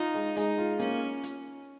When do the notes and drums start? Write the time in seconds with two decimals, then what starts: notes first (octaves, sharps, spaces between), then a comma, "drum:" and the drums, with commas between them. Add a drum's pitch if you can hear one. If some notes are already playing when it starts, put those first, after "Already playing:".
Already playing: D#4 F4
0.14 G#3
0.37 G#3 D#4, drum: hi-hat
0.58 F4
0.80 A#3 C#4, drum: hi-hat
1.23 drum: hi-hat